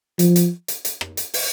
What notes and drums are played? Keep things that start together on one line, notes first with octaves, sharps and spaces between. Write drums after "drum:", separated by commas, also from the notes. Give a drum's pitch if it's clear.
F3, drum: hi-hat
drum: hi-hat
drum: hi-hat
drum: hi-hat
drum: rim click
drum: hi-hat
drum: open hi-hat